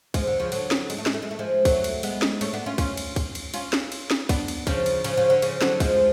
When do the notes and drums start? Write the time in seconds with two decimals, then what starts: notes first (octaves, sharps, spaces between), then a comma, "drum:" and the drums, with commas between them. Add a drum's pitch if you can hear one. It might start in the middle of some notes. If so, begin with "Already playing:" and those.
0.14 F3 G#3, drum: kick, cymbal
0.27 D3
0.40 C#3 F3
0.52 D3 F#3, drum: cymbal
0.71 drum: snare
0.90 G#3, drum: cymbal
0.98 A3
1.06 G#3, drum: snare
1.14 A3
1.22 G#3
1.31 A3
1.39 F3 G#3
1.65 F#3 A3, drum: kick, cymbal
1.84 drum: cymbal
2.03 G#3 B3, drum: cymbal
2.22 drum: snare
2.41 A3 C#4, drum: cymbal
2.53 B3 D4
2.66 C#4 F4
2.78 C#4 F4, drum: kick, cymbal
2.97 drum: cymbal
3.16 drum: kick, cymbal
3.35 drum: cymbal
3.54 C#4 F4, drum: cymbal
3.73 drum: snare
3.92 drum: cymbal
4.11 drum: snare
4.29 B3 D4, drum: kick, cymbal
4.48 drum: cymbal
4.67 C#3 F3, drum: kick, cymbal
4.86 drum: cymbal
5.04 C#3 F3, drum: cymbal
5.17 C#3 F3
5.30 D3
5.42 C#3 F3, drum: cymbal
5.62 D3 F#3, drum: snare
5.80 F3 G#3, drum: kick, cymbal